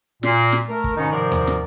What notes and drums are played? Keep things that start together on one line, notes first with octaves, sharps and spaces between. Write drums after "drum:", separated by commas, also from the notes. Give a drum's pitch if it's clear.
A#2, drum: snare
drum: snare
A3 A#4
drum: kick
G#2 B2 D#3 C#4 D#4
G#2 C3 D#3 F3 A#4 D5
drum: tom D#2
drum: snare